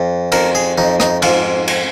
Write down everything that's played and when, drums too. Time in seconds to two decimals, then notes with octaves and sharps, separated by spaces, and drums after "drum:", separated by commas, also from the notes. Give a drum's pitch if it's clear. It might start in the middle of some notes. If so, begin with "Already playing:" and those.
Already playing: F2
0.32 F2 A#4, drum: cymbal
0.55 G#4
0.78 F2 D#4
1.00 D#4, drum: rim click
1.22 G#2 F4, drum: cymbal
1.68 drum: cymbal